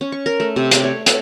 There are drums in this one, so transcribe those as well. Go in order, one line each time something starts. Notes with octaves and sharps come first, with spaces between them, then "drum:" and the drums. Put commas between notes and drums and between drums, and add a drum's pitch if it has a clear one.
C#4
C#6
A#4
A3
C3
D5, drum: hi-hat
C#5
A4, drum: hi-hat